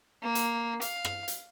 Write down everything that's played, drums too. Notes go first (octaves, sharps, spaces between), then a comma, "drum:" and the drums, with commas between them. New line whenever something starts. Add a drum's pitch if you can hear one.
A#3
drum: hi-hat
F5, drum: hi-hat
drum: rim click
drum: hi-hat